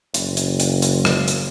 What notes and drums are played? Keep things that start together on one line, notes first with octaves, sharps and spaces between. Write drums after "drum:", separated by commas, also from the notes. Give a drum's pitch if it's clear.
F#1, drum: hi-hat
drum: hi-hat
drum: hi-hat
drum: hi-hat
drum: rim click
drum: hi-hat